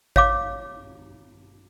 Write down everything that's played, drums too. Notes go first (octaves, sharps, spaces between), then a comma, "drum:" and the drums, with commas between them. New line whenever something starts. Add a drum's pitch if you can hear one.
C#5 F5 D6, drum: kick A1